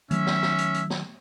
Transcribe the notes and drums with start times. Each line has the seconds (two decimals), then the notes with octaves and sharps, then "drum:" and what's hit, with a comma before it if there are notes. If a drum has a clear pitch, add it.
0.11 D#3 F#3 A3 C#4 E5, drum: hi-hat
0.27 drum: snare
0.42 drum: snare
0.58 drum: hi-hat
0.74 drum: hi-hat
0.90 drum: snare